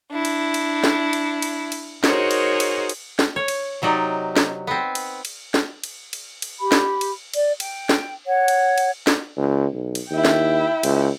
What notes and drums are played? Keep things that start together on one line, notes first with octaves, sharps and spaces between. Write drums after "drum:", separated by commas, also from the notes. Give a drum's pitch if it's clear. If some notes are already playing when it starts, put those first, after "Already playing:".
D4 E4
drum: cymbal
drum: cymbal
drum: snare
drum: cymbal
drum: cymbal
drum: cymbal
D#4 F#4 G#4 A#4 C5 C#5, drum: snare
drum: cymbal
drum: cymbal
drum: cymbal
drum: snare
C#5
drum: cymbal
C3 F#3 D#4 D5
drum: snare
B3 C4
drum: cymbal
drum: cymbal
drum: snare
drum: cymbal
drum: cymbal
drum: cymbal
G4 B5
drum: snare
drum: cymbal
D5, drum: cymbal
G5, drum: cymbal
drum: snare
C#5 F#5
drum: cymbal
drum: cymbal
drum: snare
C#2
B1
drum: cymbal
D#2 E4 G5
drum: snare
C#2, drum: cymbal